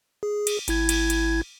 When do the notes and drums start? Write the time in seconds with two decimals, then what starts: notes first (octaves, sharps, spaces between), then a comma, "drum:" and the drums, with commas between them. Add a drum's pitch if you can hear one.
0.23 G#4
0.47 drum: cymbal
0.68 G#1 E4 G#6, drum: cymbal
0.89 drum: cymbal
1.10 drum: cymbal